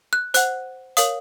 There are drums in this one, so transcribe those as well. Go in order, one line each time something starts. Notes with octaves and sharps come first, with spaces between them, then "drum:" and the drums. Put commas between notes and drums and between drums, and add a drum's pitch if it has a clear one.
F#6
C5 F#5 F#6, drum: hi-hat
A#4 C#5 F5 D#6, drum: hi-hat